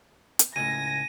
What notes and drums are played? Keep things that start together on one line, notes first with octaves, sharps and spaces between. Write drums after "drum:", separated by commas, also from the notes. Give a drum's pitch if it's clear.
drum: hi-hat
C#2 A2 G#5 A#6 D#7